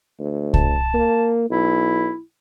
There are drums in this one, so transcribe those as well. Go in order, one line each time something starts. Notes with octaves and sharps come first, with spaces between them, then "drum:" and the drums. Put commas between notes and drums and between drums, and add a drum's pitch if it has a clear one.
D2
A5, drum: kick C2
A#3
B1 E4